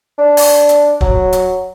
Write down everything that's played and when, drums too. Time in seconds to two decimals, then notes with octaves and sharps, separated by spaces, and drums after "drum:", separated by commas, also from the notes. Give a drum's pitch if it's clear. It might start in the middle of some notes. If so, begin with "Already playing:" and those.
0.18 D4
0.37 drum: open hi-hat
0.69 drum: hi-hat
1.01 F#3, drum: kick
1.33 drum: hi-hat